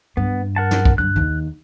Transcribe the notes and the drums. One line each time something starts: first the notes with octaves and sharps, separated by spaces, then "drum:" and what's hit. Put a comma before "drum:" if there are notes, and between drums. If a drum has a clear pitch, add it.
G2 B3
A#4 F#5 A5
drum: snare
drum: kick A#1
G2 D3 F#6
D#2 D#3